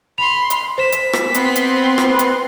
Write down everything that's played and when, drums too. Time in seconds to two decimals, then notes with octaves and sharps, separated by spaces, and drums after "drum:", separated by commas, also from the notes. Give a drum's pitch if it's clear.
0.18 B5 C6 F7
0.50 drum: hi-hat
0.78 C5 B6 E7
0.92 drum: hi-hat
1.13 drum: rim click
1.34 B3 C4 C6, drum: hi-hat
1.56 drum: hi-hat
1.98 drum: rim click
2.19 drum: hi-hat